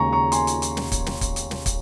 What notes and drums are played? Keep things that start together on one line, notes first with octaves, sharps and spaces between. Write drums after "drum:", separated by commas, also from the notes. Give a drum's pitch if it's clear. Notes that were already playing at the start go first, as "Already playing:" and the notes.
Already playing: D#2 C#3 G#3 D#4 G#5 A#5 C#6
A#5 C#6
G#5 C6, drum: hi-hat
drum: hi-hat
drum: hi-hat
drum: snare
drum: kick, hi-hat
drum: snare
drum: kick, hi-hat
drum: hi-hat
drum: snare
drum: kick, hi-hat